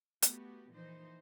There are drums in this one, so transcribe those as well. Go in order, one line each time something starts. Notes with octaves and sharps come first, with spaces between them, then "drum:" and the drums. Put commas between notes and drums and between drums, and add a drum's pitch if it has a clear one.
A3 B3 F#4 G4, drum: hi-hat
A#2 E3 F3 D#4 C5